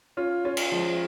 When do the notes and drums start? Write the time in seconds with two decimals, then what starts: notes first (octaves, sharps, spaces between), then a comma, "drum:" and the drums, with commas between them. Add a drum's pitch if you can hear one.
0.17 C#4 F4
0.45 C#4 F4
0.57 drum: cymbal
0.72 F3 G#3